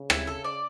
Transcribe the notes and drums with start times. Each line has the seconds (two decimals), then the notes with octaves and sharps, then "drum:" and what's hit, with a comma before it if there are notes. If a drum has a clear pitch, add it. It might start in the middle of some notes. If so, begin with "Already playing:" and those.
Already playing: C#3
0.10 E4, drum: rim click
0.27 A4
0.44 D5